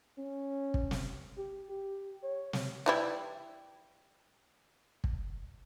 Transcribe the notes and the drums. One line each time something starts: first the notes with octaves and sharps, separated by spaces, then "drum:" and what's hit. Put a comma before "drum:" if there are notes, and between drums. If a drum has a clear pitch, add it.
C#4
drum: kick
drum: snare
G4
G4
C#5
drum: snare
E3 G3 E4
drum: kick